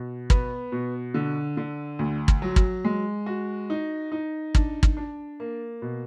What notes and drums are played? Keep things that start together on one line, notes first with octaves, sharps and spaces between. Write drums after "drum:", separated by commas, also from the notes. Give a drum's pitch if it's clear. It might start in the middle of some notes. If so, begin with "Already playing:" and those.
Already playing: B2
B3, drum: kick
B2
D3
D3
D2
drum: kick
F#3
drum: kick
G#3
F#4
D#4
D#4
D4, drum: kick
drum: kick
D4
A#3
B2